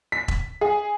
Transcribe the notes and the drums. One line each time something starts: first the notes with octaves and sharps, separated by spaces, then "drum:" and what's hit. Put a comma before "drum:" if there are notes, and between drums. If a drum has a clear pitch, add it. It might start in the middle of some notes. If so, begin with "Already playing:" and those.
B6
drum: kick E1
G#4